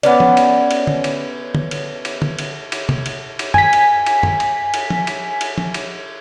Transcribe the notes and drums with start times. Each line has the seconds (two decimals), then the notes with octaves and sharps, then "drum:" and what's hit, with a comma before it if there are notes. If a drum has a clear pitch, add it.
0.03 B3 C#4 D5, drum: cymbal
0.20 drum: tom
0.37 drum: cymbal
0.71 drum: cymbal
0.87 drum: tom
1.04 drum: cymbal
1.55 drum: tom
1.71 drum: cymbal
2.05 drum: cymbal
2.22 drum: tom
2.39 drum: cymbal
2.72 drum: cymbal
2.89 drum: tom C3
3.06 drum: cymbal
3.39 drum: cymbal
3.54 G#5 B6, drum: tom F#2
3.73 drum: cymbal
4.06 drum: cymbal
4.23 drum: tom F#2
4.40 drum: cymbal
4.74 drum: cymbal
4.90 drum: tom
5.07 drum: cymbal
5.41 drum: cymbal
5.58 drum: tom
5.74 drum: cymbal